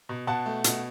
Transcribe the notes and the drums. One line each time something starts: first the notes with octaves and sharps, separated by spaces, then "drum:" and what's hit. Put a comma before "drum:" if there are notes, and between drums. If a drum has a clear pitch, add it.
B2
B2 F#5 A5
A3
B2, drum: hi-hat